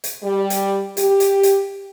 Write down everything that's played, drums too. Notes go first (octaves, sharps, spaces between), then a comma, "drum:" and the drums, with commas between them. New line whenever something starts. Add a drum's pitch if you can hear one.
drum: hi-hat
G3
drum: hi-hat
G4, drum: hi-hat
drum: hi-hat
drum: hi-hat